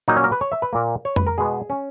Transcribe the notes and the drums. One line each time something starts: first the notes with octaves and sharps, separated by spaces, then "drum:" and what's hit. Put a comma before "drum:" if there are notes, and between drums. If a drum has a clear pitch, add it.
A#2 F#3 A#3 D#4
C#4
A#4
B4
C#5
E5
B4
A#2 A#3
C#5
B4, drum: tom F2
A#4
B2 G#3 B3 G#4
C#4